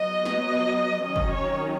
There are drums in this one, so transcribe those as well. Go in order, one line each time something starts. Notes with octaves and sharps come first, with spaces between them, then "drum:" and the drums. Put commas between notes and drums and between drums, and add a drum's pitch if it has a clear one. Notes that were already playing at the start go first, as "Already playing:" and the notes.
Already playing: F#3 B3 D#5
drum: snare
D#3 F#3 C#4 D#5
drum: kick
C#5